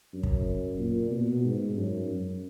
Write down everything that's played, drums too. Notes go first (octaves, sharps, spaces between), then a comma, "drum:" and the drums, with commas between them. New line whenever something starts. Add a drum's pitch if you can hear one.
F#2
drum: kick
A#2
B2
G#2
F#2
F#2